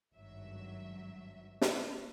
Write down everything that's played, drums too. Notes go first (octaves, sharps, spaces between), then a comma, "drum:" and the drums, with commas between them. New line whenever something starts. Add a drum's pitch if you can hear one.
G#1 G2 F#3 E5
drum: snare